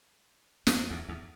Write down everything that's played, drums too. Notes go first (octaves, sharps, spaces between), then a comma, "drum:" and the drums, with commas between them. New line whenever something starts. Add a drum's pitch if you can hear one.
F2, drum: snare
E2
E2